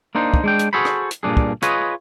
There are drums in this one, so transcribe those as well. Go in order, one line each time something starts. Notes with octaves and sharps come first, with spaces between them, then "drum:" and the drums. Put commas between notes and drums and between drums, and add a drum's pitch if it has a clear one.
A#3 D4 D#4 C5
drum: kick
G#3 D4 G5
drum: hi-hat
F#4 G#4 A4 C5 B5
drum: rim click
drum: hi-hat
G2 A#2 A3 D4 G#4
drum: kick
F4 G#4 B4 C#5 D#5, drum: hi-hat